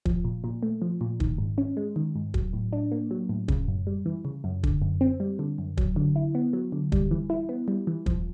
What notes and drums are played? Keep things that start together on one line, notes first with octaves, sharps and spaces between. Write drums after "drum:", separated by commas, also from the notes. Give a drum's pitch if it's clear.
F3, drum: kick
A#2
A#2
A3
F3
A#2
D#3, drum: kick
G#2
C#4
G#3
D#3
G#2
F#3, drum: kick
A2
D4
A#3
F#3
A2
C#3, drum: kick
F#2
G3
E3
C#3
F#2
D3, drum: kick
F#2
C4
G3
D3
F#2
F#3, drum: kick
D3
E4
B3
F#3
D3
G3, drum: kick
E3
E4
B3
G3
E3
F3, drum: kick